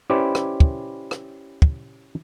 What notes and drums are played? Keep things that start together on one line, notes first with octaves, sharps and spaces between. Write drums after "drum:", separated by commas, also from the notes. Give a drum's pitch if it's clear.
C#4 E4 G4 B4 C5 D5
drum: rim click
drum: kick
drum: rim click
drum: kick